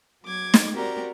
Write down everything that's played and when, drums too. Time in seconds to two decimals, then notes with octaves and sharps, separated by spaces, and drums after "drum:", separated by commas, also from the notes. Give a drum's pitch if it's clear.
0.24 F#3 D6 G#6
0.54 drum: snare
0.73 C4 F#4 G4 A#4 D5 A#5